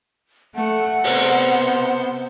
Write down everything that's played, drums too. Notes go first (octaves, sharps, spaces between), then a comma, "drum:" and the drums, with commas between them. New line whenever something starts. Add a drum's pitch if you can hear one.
A3 F#5
C3 B3 C5, drum: open hi-hat